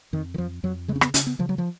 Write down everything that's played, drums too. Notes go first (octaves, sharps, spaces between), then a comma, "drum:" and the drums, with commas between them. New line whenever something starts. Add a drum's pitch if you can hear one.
F2 D#3
D#3
F2 F3
F2 F#3
C#3 G#3
C#4
B3, drum: rim click
C#3 C#4, drum: hi-hat
B3
C#3 F3
F#3
F3